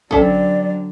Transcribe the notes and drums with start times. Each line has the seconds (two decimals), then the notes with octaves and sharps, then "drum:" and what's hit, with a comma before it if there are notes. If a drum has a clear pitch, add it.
0.11 D3 F#3 C4 C#4 A4 D5, drum: kick